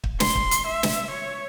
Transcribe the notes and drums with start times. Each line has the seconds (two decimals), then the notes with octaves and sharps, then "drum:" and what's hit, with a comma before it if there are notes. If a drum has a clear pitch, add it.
0.04 drum: kick
0.20 C6, drum: snare
0.35 drum: kick
0.51 drum: hi-hat
0.67 E5
0.83 drum: snare
1.11 C#5